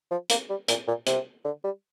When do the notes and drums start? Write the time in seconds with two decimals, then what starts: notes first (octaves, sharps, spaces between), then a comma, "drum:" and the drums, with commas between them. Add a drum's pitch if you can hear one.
0.11 F3
0.30 A#3, drum: hi-hat
0.49 G3
0.68 A#2, drum: hi-hat
0.87 A#2
1.07 C3, drum: hi-hat
1.45 D3
1.64 G3